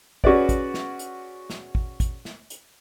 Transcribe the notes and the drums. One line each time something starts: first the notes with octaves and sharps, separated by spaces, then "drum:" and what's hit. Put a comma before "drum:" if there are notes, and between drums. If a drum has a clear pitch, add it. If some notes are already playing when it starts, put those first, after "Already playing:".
C#4 F#4 G#4 B4 D5, drum: kick
drum: kick, hi-hat
drum: snare
drum: hi-hat
drum: snare
drum: kick
drum: kick, hi-hat
drum: snare
drum: hi-hat